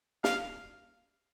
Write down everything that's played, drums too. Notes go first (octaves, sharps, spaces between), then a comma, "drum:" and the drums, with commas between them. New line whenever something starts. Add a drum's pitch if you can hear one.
F5, drum: snare